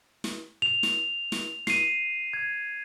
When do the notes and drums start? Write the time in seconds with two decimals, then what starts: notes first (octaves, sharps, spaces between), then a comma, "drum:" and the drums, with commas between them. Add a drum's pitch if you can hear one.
0.24 drum: snare
0.62 F7
0.83 drum: snare
1.32 drum: snare
1.67 C7 D#7, drum: snare
2.33 G#6